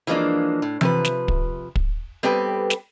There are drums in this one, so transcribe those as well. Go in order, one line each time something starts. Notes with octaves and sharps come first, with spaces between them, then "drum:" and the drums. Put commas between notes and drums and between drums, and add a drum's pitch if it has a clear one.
E3 F3 G#3 A#3 D4
A2
C3 F3 B4, drum: tom E3
drum: snare
drum: kick
drum: kick
G3 B3 C4 G4 A4 B4
drum: snare